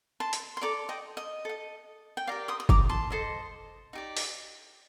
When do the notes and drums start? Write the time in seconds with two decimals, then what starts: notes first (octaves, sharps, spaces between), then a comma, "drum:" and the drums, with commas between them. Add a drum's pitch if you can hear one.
0.20 A5 C6
0.33 drum: hi-hat
0.57 C6
0.61 A4 D5 A#5 D6
0.89 D#5 G5
1.17 D#5
1.45 A4 D#5
2.17 G5
2.27 G4 A#4 D5 F5
2.48 C6 D#6
2.60 D#6
2.69 A#5 D6, drum: kick
2.89 A5 C6
3.10 A4 C5 D#5
3.93 D#4 G4 D5
4.17 drum: open hi-hat